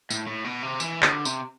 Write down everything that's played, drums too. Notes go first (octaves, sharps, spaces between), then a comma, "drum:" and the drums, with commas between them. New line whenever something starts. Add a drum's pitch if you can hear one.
A2, drum: tambourine
A2
B2
C3
E3, drum: tambourine
D3, drum: clap
C3, drum: tambourine